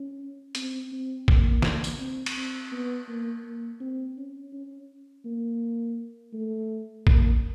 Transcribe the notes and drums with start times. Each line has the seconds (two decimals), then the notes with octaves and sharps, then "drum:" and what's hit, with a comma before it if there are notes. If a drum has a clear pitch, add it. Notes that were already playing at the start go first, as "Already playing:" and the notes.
Already playing: C#4
0.55 C4, drum: hi-hat
0.92 C4
1.28 A#3, drum: kick
1.62 drum: snare
1.84 drum: tambourine
1.99 C4
2.26 drum: cymbal
2.37 C4
2.72 B3
3.08 A#3
3.45 A#3
3.80 C4
4.17 C#4
4.53 C#4
5.25 A#3
6.33 A3
7.07 A#3, drum: kick